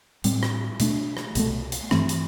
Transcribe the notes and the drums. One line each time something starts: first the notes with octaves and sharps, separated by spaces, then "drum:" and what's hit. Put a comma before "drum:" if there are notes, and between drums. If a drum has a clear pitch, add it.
A2 G3 C4, drum: hi-hat
drum: rim click
B2 A3 D4, drum: hi-hat
drum: rim click
C2 B2 A3, drum: hi-hat
drum: hi-hat
G2 E3 A3 C4, drum: rim click
drum: hi-hat